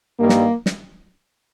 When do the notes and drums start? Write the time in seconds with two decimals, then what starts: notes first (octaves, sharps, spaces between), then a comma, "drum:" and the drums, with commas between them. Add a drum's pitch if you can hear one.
0.20 G2 D#3 G3 A#3
0.29 drum: snare
0.66 drum: snare